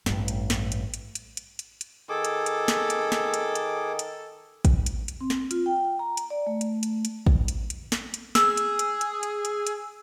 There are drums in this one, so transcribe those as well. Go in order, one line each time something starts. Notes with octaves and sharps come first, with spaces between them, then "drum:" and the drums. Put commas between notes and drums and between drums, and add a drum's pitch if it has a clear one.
A1 G2, drum: snare
drum: hi-hat
drum: snare
drum: hi-hat
drum: hi-hat
drum: hi-hat
drum: hi-hat
drum: hi-hat
drum: hi-hat
D#3 G#4 A4 D6
drum: hi-hat
drum: hi-hat
drum: snare
drum: hi-hat
drum: snare
drum: hi-hat
drum: hi-hat
drum: hi-hat
drum: kick, hi-hat
drum: hi-hat
drum: hi-hat
C4
drum: snare
F4, drum: hi-hat
G5
A#5
drum: hi-hat
D5
A3
drum: hi-hat
drum: hi-hat
drum: hi-hat
drum: kick
drum: hi-hat
drum: hi-hat
drum: snare
drum: hi-hat
G#4 E6, drum: snare
drum: hi-hat
drum: hi-hat
drum: hi-hat
drum: hi-hat
drum: hi-hat
drum: hi-hat